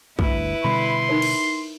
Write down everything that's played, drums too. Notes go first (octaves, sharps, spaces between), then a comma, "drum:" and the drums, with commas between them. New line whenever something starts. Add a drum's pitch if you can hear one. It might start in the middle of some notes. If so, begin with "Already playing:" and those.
G1 D2 E4 B4, drum: kick
B2 D3 G3 B5 C6
D#4 A#4 C#5
drum: cymbal